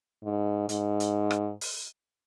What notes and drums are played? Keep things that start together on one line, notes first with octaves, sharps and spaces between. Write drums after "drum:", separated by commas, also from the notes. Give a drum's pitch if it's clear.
G#2
G#2, drum: hi-hat
drum: hi-hat
drum: rim click
drum: open hi-hat